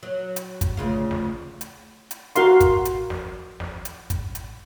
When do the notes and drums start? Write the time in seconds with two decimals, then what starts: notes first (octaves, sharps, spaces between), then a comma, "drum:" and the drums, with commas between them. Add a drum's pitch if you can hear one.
0.03 F#3
0.36 drum: hi-hat
0.61 drum: kick, hi-hat
0.77 D2 C#3 F4
1.11 drum: snare
1.61 drum: hi-hat
2.11 drum: hi-hat
2.36 F#4 A#4 F5 C6, drum: hi-hat
2.60 drum: kick, hi-hat
2.85 drum: hi-hat
3.10 drum: snare
3.60 drum: snare
3.85 drum: hi-hat
4.10 drum: kick, hi-hat
4.35 drum: hi-hat